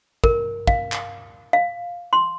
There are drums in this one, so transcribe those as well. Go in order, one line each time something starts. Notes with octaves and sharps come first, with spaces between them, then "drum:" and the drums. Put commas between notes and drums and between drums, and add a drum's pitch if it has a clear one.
A#4, drum: kick
F5, drum: kick
drum: clap
F5
C6